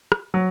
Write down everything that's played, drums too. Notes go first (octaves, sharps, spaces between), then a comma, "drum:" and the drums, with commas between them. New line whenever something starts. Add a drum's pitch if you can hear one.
drum: rim click
F#3